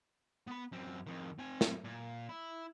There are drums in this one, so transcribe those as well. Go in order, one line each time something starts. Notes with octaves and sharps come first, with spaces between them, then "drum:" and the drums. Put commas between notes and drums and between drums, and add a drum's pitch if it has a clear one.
B3 B5
F#2 C4
F2 D#3
C4 G#5
drum: snare
A#2
E4